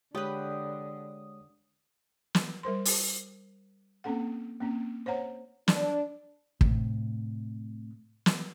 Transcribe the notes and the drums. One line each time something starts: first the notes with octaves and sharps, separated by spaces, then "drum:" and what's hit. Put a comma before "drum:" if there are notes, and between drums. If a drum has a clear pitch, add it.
D3 G#3 G4 B4 C#5 D#6
drum: snare
G3 A#4 C5 C6
drum: open hi-hat
A#3 C4 C#4 A4 F#5
A#3 C4 C#4
C5 C#5 F#5 A#5
D4, drum: snare
A2 C3, drum: kick
drum: snare